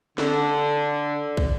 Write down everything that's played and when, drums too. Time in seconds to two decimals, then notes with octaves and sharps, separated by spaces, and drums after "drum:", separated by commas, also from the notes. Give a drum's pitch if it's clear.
0.18 D3, drum: snare
1.37 drum: kick